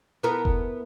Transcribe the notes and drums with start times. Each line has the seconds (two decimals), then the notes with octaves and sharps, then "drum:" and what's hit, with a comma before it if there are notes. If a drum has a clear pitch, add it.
0.23 B3 E4 A#4
0.45 drum: kick F1